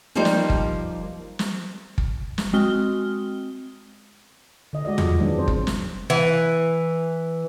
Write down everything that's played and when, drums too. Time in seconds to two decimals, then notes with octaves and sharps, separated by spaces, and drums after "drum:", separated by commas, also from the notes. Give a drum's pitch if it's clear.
0.15 F3 G3 A#3 D#4 C5
0.25 drum: snare
0.50 drum: kick
1.39 drum: snare
1.98 drum: kick
2.38 drum: snare
2.53 G#3 C4 F#4 D#6 F6 G7
4.73 D3 D#5
4.85 G#3 F#4 D5 D#5
4.98 F3, drum: tom E2
5.20 D#3 F#3 G#3 B3 D4
5.38 C4 C5
5.48 drum: kick
5.67 drum: snare
6.10 E3